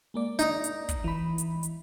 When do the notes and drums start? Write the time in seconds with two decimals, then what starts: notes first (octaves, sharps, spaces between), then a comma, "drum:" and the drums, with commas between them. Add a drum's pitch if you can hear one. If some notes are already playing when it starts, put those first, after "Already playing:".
0.14 G#3 A#3 D5
0.39 D#4, drum: hi-hat
0.64 drum: hi-hat
0.89 drum: kick, hi-hat
1.04 E3 B5
1.38 drum: hi-hat
1.63 drum: hi-hat